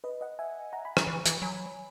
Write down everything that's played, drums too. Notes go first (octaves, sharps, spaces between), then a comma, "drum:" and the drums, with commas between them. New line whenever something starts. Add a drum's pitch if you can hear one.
B4 D#5
D#5 F#5
E5 G#5
F#5 A#5
G#5 B5
A#5 C#6, drum: rim click
E3
E3, drum: hi-hat
F#3 G#5 B5